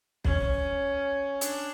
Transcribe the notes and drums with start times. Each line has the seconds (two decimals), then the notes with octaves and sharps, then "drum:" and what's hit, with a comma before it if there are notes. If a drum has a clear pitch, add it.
0.25 C#4, drum: kick
1.41 D4, drum: hi-hat